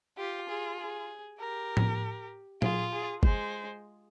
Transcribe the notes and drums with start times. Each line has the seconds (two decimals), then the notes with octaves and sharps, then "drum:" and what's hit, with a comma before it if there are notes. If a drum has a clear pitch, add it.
0.18 F4 G4
0.49 G#4
0.79 G#4
1.40 G4 A#4
1.77 drum: tom A2
2.62 F4 G#4, drum: tom
2.92 G#4
3.23 G#3 C5, drum: kick